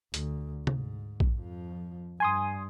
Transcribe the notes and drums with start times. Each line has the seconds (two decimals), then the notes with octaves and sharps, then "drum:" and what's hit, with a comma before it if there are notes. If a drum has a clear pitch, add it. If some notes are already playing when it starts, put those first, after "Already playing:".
0.14 D2, drum: hi-hat
0.67 G#2, drum: tom C3
1.20 drum: kick A#1
1.35 F2 F3
2.20 G2 G#5 C6 D#6